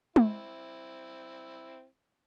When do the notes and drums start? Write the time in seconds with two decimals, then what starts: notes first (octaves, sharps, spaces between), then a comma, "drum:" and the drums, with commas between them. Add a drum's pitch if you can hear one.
0.16 C4 E4, drum: tom G#3